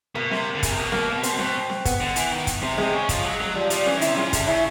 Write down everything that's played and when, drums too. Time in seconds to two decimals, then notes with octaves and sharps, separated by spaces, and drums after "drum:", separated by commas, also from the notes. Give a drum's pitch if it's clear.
0.15 B2 A#3
0.31 C3, drum: snare C4
0.55 D3
0.63 C#3, drum: kick, hi-hat
0.70 C3
0.77 B2 A#3
0.92 A#3, drum: snare C4
1.23 C4, drum: hi-hat
1.39 B2, drum: snare C4
1.70 drum: snare C4
1.85 B3, drum: kick, hi-hat
2.01 D3
2.16 E3, drum: hi-hat
2.31 D#3
2.47 drum: kick, hi-hat
2.62 C3 C4
2.78 C3 G#3, drum: snare C4
2.93 C#3
3.09 F3, drum: kick, hi-hat
3.25 F#3
3.40 F#3, drum: snare C4
3.55 F3 G3
3.70 F3 G3, drum: hi-hat
3.86 E3 C#4, drum: snare C4
3.97 D#3
4.01 C3 E4, drum: hi-hat
4.17 C#3 F4, drum: snare C4
4.33 D3, drum: kick, hi-hat
4.47 C#3 E4